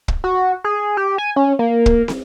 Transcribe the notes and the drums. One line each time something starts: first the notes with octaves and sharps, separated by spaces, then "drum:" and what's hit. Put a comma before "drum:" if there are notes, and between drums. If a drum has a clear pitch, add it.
drum: kick
F#4
G#4
G4
G#5
C#4
A#3
drum: kick
drum: snare